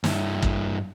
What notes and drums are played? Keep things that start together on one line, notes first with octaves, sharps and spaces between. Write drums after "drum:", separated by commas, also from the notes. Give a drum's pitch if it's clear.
G2 E4, drum: snare
drum: kick